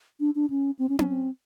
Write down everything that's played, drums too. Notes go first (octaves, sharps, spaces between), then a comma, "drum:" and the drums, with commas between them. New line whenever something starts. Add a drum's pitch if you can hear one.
D4
D4
C#4
C4
C#4
C4, drum: tom C#4
C4